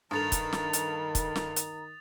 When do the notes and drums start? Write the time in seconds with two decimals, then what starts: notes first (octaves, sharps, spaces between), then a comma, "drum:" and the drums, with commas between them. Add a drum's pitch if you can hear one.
0.11 G2 D#3 A4 A#5 D#6 A6 F7
0.32 drum: kick, hi-hat
0.53 drum: snare
0.73 drum: hi-hat
1.15 drum: kick, hi-hat
1.36 drum: snare
1.56 drum: hi-hat